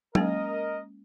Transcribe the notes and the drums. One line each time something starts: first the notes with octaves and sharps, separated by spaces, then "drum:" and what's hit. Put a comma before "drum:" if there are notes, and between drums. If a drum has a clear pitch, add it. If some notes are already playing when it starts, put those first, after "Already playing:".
G#3 A#3 C#4 A#4 D#5, drum: tom F#3